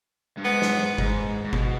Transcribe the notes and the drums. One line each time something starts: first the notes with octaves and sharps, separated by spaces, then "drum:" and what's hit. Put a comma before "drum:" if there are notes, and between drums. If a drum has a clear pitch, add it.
G2
G#2 B3
drum: snare
G#2, drum: kick G1
G#2
B2, drum: kick G1